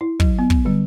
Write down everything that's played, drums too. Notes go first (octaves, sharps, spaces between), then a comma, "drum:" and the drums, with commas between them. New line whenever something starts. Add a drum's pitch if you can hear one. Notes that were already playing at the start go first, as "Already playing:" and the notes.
E4
F#3, drum: kick
B3
drum: kick
D3 G3